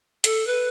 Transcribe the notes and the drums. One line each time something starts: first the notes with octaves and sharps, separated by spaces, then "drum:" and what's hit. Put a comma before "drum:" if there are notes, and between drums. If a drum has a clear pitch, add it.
A4, drum: hi-hat
B4